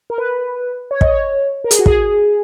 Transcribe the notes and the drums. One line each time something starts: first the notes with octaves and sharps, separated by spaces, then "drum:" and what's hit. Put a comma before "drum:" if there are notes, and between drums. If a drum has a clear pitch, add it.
A#4
B4
C#5
D#5, drum: kick
C#5
A#4
G#4, drum: hi-hat
F#4
G#4, drum: kick